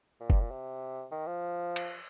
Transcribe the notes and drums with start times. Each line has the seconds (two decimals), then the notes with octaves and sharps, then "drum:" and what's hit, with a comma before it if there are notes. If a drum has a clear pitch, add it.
0.20 A#2
0.30 G2, drum: kick
0.40 A#2
0.51 C3
1.11 D#3
1.26 F3
1.76 drum: cymbal